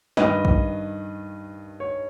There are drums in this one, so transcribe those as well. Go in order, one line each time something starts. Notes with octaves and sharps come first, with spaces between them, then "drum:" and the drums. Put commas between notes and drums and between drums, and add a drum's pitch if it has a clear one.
G2 D#3 B4 D#5, drum: snare
drum: kick
C#5